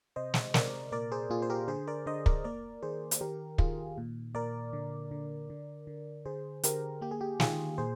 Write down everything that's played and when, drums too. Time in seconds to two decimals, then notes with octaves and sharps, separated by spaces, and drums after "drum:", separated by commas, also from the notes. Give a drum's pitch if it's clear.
0.16 C3 C5 D#5
0.34 drum: snare
0.54 C3 A#4 D5, drum: snare
0.92 A#2 A#4 D5
1.12 G#4 C5
1.30 A#2 F4 G#4
1.42 C5
1.50 G4 A#4
1.68 D3 G#4 C5
1.87 A#4 D5
2.06 D3 C5 D#5
2.26 A#4 D5, drum: kick
2.44 A#3 A#4 D5
2.83 D#3 G#4 C5
3.11 drum: hi-hat
3.21 D#3 G4 A#4
3.58 D#3 F4 G#4, drum: kick
3.98 A#2
4.35 A#2 A#4 D5
4.73 D3
5.11 D3
5.50 D3
5.87 D3
6.26 D3 G#4 C5
6.63 D3 G4 A#4, drum: hi-hat
7.01 A#3 G4
7.11 G#4
7.21 G4
7.40 D#3 F4 G#4, drum: snare
7.78 A#2 G#4 C5